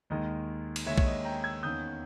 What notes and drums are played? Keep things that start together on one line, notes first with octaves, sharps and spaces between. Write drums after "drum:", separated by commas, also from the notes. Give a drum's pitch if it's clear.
D#2 D#3 G#3 D#5
drum: cymbal
D#2 D#3 G#3 C#5 E5
C#5, drum: kick
D#5
G5 A#5
E6 G#6
E2 D#3 A#3 C#4 D#6 G6